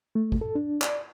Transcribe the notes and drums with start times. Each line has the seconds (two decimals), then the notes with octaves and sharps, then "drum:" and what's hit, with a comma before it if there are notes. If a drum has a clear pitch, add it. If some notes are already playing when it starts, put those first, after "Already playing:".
0.15 A3
0.32 drum: kick
0.41 A4
0.55 D4
0.82 D5, drum: clap